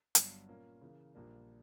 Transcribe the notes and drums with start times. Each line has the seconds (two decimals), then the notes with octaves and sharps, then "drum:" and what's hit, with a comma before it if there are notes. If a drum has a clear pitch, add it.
0.15 G1 G2 F#3, drum: hi-hat
0.48 A#2 A#3 C#4
0.81 C#3 E3 A#3
1.15 A#1 A#2 G3 A#3 D4